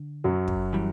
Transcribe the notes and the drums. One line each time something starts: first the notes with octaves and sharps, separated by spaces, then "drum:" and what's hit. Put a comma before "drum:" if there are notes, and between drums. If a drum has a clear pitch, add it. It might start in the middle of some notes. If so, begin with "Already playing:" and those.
Already playing: D3
F#2 F#3
drum: kick
E3 G3